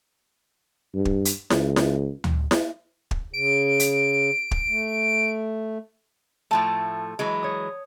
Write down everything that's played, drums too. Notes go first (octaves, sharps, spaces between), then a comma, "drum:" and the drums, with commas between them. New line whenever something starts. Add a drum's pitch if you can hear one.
G2
drum: kick
drum: hi-hat
C#2, drum: snare E4
drum: snare E4
drum: tom D2
drum: snare E4
drum: kick
C#3 D7
drum: hi-hat
drum: kick
A3
A2 F3 A3 A5
E3 F#3 G#3
C#5 D#6